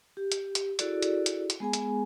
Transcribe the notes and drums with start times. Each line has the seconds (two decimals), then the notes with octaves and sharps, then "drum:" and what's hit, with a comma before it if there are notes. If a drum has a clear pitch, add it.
0.17 G4
0.32 drum: hi-hat
0.55 drum: hi-hat
0.79 E4 F#4 G#4 A4 D5, drum: hi-hat
1.02 drum: hi-hat
1.26 drum: hi-hat
1.50 drum: hi-hat
1.60 G#3 B3 G#4 G#5
1.73 drum: hi-hat